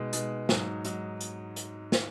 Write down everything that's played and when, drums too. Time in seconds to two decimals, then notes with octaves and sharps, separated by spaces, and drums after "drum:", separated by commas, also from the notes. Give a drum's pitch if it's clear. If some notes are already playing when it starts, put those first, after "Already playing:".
Already playing: B2 G#3 D#4
0.13 B2 G#3 D#4, drum: hi-hat
0.49 G#2 F#3 D#4, drum: snare
0.85 G#2 F#3 D#4, drum: hi-hat
1.21 drum: hi-hat
1.56 drum: hi-hat
1.92 drum: snare